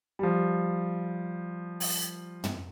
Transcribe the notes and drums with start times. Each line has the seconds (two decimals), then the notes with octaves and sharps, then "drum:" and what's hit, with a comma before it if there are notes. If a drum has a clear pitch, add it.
0.19 F3 G3
1.80 drum: open hi-hat
2.44 drum: tom